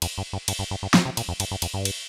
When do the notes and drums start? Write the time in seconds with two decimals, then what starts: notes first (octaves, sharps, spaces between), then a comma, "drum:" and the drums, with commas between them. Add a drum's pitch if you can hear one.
0.02 F2, drum: cymbal
0.18 G2
0.33 G2
0.48 G2, drum: cymbal
0.59 G2
0.71 G2
0.83 G2
0.94 A#2, drum: snare
1.05 C3
1.17 A#2, drum: cymbal
1.28 F2
1.40 G2, drum: cymbal
1.51 G2
1.62 F2, drum: cymbal
1.74 G2
1.85 drum: cymbal